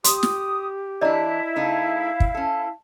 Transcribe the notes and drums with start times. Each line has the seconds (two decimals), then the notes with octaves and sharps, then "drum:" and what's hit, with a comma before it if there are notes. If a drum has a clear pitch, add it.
0.04 G4 C6 D#6, drum: hi-hat
0.23 drum: snare
1.01 E3 D4 E4 D5 D#5 A#5
1.56 C#3 A3 D#4 F5
2.20 drum: kick
2.34 C#4 A4